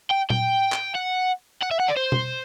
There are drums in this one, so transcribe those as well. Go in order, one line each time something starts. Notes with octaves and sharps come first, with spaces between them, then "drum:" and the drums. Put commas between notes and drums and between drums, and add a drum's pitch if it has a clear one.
G5
G5, drum: tom A#2
drum: clap
F#5
F#5
E5
F#5
D5
C5
drum: tom B2